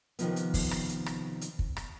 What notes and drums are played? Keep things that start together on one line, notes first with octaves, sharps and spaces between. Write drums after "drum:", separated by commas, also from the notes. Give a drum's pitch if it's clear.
C3 D#3 F3 B3, drum: hi-hat
drum: hi-hat
drum: kick, open hi-hat
drum: rim click
drum: hi-hat
drum: rim click
drum: hi-hat
drum: kick
drum: rim click